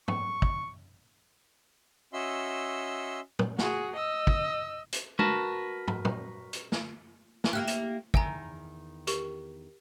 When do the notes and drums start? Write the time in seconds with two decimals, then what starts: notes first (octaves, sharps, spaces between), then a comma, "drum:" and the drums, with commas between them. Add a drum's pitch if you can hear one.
0.08 C#6, drum: tom
0.42 drum: kick
2.13 C#4 F#4 D#5 E5 C6 E6
3.39 drum: tom
3.59 F#4 G#4, drum: snare
3.95 D#5 E6
4.27 drum: kick
4.92 drum: hi-hat
5.19 F#4 A#4 B4 A5, drum: tom
5.88 drum: tom
6.05 drum: tom
6.53 drum: hi-hat
6.72 drum: snare
7.44 drum: snare
7.53 A#3 E4 G4 F6 F#6
7.68 E7, drum: hi-hat
8.14 E2 D#3 E5 G#5 A#5, drum: kick
9.07 G4 A#4 C#6, drum: hi-hat